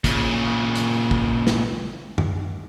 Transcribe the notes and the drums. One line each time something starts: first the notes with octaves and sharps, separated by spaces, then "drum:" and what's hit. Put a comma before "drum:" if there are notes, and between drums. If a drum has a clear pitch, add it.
A#2 C#3, drum: kick, hi-hat
drum: hi-hat
drum: kick
drum: snare
drum: tom F#2